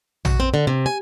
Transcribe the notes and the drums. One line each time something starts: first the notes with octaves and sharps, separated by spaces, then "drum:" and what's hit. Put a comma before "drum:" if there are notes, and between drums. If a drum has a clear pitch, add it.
F#4, drum: tom A#1
C4
D3
C3
G#5